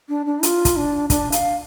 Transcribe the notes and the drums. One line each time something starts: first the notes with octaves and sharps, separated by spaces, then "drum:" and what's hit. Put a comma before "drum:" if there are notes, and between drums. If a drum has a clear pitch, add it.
D4
D4
F4, drum: hi-hat
drum: kick, hi-hat
D4
D4, drum: kick, hi-hat
F5, drum: hi-hat